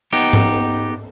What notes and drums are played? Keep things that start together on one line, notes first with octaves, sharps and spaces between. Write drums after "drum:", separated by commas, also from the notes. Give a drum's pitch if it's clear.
B3 D#4 G4
drum: tom G#2